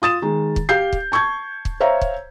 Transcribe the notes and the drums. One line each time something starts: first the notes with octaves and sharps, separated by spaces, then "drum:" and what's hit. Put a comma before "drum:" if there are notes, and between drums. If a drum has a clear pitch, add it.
F4 D#6 A6 E7
D#3 G#3
drum: kick
G4 F5 G6 C7
drum: kick
A5 C#6 G6 G#6
drum: kick
C5 C#5 E5 F5 A#5
drum: kick